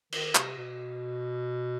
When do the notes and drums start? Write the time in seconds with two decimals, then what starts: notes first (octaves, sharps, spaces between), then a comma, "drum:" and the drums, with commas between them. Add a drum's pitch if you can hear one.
0.12 D#3, drum: cymbal
0.35 C3, drum: clap
0.57 B2